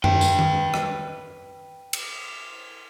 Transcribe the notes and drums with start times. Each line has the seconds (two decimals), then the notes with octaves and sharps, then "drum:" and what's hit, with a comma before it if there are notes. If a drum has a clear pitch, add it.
0.04 B4 G5, drum: tom F#2
0.21 drum: tambourine
0.39 drum: tom D#3
0.74 drum: rim click
1.93 drum: cymbal